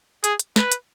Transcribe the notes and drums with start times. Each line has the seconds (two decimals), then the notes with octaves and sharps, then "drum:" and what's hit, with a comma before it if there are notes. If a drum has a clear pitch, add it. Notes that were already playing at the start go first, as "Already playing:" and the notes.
0.24 G#4, drum: hi-hat
0.39 drum: hi-hat
0.56 B4, drum: snare
0.72 drum: hi-hat